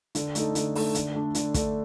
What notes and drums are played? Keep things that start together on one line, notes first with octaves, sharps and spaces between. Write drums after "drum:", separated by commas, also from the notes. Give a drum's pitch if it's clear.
D3, drum: hi-hat
A3 D#4 A4, drum: hi-hat
D3, drum: hi-hat
A3 D#4 A4, drum: open hi-hat
D3, drum: hi-hat
A3 D4
D3, drum: hi-hat
A3 D4, drum: kick, hi-hat